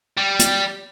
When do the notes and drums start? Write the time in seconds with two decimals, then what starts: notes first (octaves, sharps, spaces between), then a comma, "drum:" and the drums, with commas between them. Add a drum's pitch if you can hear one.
0.18 G3
0.39 drum: hi-hat